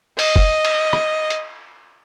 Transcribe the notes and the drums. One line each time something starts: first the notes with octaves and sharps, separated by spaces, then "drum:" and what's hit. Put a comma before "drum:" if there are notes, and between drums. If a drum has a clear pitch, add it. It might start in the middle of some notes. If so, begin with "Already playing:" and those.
D#5, drum: open hi-hat
drum: kick F#1
drum: cymbal
drum: rim click
drum: hi-hat